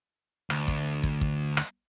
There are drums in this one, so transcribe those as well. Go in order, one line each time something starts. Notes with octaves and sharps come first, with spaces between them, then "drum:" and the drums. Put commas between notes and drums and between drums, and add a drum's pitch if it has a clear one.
D2, drum: rim click
drum: kick
drum: kick
drum: kick
drum: rim click